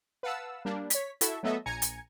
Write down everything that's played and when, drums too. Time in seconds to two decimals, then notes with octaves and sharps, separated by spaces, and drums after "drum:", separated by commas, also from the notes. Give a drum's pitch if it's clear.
0.23 B4 F5 F#5 A5 E6
0.65 G3 A#3 D4
0.90 C#5 B6, drum: hi-hat
1.21 E4 F#4 A4 E5, drum: hi-hat
1.43 F#3 A3 B3 A4 D#5 E5
1.66 A#1 G#5 A#5 G#6 C#7
1.82 drum: hi-hat